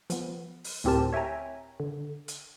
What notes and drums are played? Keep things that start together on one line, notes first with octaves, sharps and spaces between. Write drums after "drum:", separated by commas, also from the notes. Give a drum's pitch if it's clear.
F3 B3, drum: hi-hat
drum: open hi-hat
D2 A2 C4 G4 A#4 A5
C#5 E5 G5 G#5 A#5
D3
drum: hi-hat